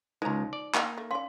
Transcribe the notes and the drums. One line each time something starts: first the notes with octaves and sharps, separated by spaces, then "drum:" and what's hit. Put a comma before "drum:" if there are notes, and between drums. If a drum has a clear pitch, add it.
C#2 F3 G#3 D#4 A#5
D5
D#3 A#3, drum: clap
A3
C#4 D5 F5 C6